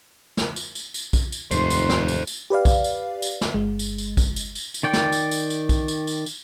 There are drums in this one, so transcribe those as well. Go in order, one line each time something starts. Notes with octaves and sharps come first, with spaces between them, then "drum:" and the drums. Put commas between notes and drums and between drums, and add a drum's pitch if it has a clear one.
drum: snare
drum: tambourine
drum: tambourine
drum: tambourine
drum: kick, tambourine
drum: tambourine
F1 D#2 G#2 D#3 A4 C5 C6, drum: tambourine
drum: tambourine
drum: snare
drum: tambourine
drum: tambourine
G4 B4 D5 F5
drum: kick, tambourine
drum: tambourine
drum: tambourine
drum: snare
G1 G#3
drum: tambourine
drum: tambourine
drum: kick, tambourine
drum: tambourine
drum: tambourine
drum: tambourine
D#3 D5 G5
drum: snare
drum: tambourine
drum: tambourine
drum: tambourine
drum: kick, tambourine
drum: tambourine
drum: tambourine
drum: tambourine